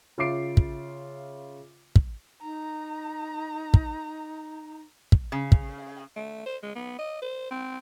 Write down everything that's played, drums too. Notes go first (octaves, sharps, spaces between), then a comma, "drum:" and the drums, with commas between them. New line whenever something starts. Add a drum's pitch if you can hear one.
C#3 F4 E5 D6 C7 D7
drum: kick
drum: kick
D#4 A#5
drum: kick
drum: kick
C#3
drum: kick
A3
C5
G#3
B3
D#5
C5
C4